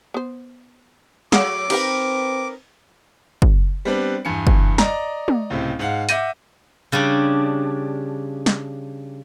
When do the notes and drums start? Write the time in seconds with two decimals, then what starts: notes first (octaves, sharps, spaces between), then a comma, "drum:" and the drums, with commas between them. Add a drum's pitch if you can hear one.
0.14 B3 C5
1.32 F#3 A3 G#4 F5 F#5 D6, drum: snare
1.70 C4 D#4 G4 A#4 B4 F5 G5, drum: cymbal
3.42 drum: kick
3.85 G3 B3 C4 D4 B4
4.25 E2 G2 G#5 C#7
4.47 drum: kick
4.78 D5 D#5 A#5, drum: snare
5.28 drum: tom
5.50 C#2 A2 C3
5.79 G#2 F5 F#5
6.09 E5 F#5 D6 G6 A#6 D#7, drum: hi-hat
6.92 C#3 G3 C#4 D4
8.46 drum: snare